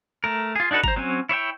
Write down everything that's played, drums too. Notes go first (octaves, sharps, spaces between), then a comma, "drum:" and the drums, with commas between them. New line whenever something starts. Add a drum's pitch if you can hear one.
A3 A#4
F4 G#4
D4 D#4 F#4 A4 B4
C5 A#5, drum: kick G1
F#3 C4 C#4 G#5
E4 C#5 E5 G5